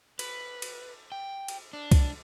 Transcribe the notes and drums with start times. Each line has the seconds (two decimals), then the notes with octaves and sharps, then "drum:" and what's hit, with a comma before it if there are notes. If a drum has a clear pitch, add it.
0.19 B4, drum: cymbal
0.62 drum: cymbal
1.12 G5
1.48 drum: cymbal
1.73 D4
1.92 drum: kick C2, cymbal